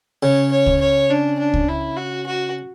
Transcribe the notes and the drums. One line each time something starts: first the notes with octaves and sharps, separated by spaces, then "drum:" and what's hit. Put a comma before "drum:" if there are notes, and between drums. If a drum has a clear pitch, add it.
C#3 C#5
C#5
drum: kick C#2
C#5
D4
D4
drum: kick C#2
E4
F#4
F#4